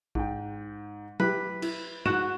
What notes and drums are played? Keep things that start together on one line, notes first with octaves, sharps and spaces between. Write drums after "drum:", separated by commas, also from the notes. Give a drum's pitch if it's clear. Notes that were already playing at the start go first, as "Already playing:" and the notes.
G#2 G5, drum: kick
E4 G4 B4, drum: tom
E4, drum: cymbal
G#2 F#4 F#6 E7, drum: tom G#2